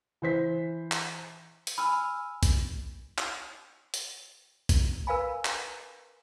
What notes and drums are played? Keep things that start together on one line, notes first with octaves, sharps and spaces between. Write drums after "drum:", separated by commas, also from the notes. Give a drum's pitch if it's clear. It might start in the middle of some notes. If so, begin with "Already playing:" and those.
E3 C5 B6
drum: clap
drum: hi-hat
G#5 B5 E6 F6
drum: kick A#1, hi-hat
drum: clap
drum: hi-hat
drum: kick A#1, hi-hat
A#4 B4 F5 G#5 B5
drum: clap